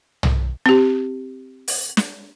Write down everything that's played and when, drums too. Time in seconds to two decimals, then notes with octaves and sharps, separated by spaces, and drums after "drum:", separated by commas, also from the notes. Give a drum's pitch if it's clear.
0.23 drum: tom
0.66 C4 G4
1.68 drum: open hi-hat
1.97 drum: snare